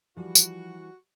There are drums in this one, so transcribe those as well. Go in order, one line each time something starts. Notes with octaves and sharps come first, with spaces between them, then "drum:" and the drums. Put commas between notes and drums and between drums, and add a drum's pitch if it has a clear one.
E3 F3 G3 F#4
drum: tambourine